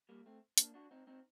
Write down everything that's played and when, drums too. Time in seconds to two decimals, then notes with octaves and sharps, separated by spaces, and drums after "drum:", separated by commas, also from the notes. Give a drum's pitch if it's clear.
0.09 G3 A#3
0.26 A3 C4
0.58 A#3 D4, drum: hi-hat
0.74 D4 F#4
0.91 C4 D#4
1.07 C4 D#4